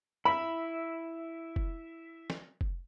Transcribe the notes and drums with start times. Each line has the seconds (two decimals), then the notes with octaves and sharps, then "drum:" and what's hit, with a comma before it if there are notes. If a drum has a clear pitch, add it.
0.25 E4 E5 B5
1.56 drum: kick F1
2.30 drum: snare
2.61 drum: kick F1